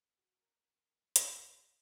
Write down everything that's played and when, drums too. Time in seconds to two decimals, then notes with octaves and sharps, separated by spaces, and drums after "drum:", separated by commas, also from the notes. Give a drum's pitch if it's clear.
0.18 F#4
0.41 A#4
0.63 A#4
1.16 drum: hi-hat